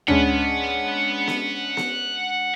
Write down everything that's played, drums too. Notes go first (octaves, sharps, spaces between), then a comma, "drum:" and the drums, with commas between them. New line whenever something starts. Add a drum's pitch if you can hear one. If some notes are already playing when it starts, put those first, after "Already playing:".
G#3 C#4 D4 F#5 B5, drum: tom D2
drum: snare B3
drum: snare B3